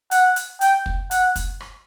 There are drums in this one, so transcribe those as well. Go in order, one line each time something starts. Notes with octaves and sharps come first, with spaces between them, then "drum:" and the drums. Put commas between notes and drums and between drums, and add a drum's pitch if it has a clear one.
F#5, drum: hi-hat
drum: hi-hat
G5, drum: hi-hat
drum: kick
F#5, drum: hi-hat
drum: kick, hi-hat
drum: rim click